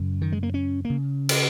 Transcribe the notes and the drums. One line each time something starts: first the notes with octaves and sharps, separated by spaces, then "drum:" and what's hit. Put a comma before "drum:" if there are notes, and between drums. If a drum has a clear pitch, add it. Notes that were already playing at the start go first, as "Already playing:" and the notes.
Already playing: F#2 C#3
D#3
G#3
A#3
C#4
C#3 A#3
drum: cymbal